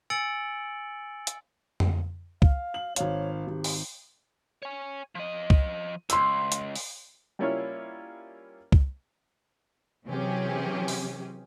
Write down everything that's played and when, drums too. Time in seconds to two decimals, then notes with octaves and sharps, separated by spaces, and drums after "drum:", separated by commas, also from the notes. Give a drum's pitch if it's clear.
0.10 G#5 E6 A6 C#7 D7 F#7
1.27 drum: hi-hat
1.80 drum: tom F2
2.42 F5, drum: kick C2
2.74 F#7
2.96 G#1 C#5 F5, drum: hi-hat
3.48 G#1 G4
3.64 drum: open hi-hat
4.63 C#5 G#5
5.15 F3 D#5
5.50 drum: kick C2
6.10 C#2 C6 E6, drum: hi-hat
6.52 drum: hi-hat
6.76 drum: open hi-hat
7.39 G3 A#3 C#4 E4 F4 C#5
8.72 drum: kick C2
10.06 C3 E3 F#3 C#4 G4 G#4
10.88 drum: open hi-hat